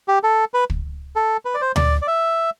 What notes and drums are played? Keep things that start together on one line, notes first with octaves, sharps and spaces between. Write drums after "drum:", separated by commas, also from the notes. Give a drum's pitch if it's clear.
G4
A4
B4
drum: kick
A4
B4
D5
C5
D5, drum: tom D2
D5
E5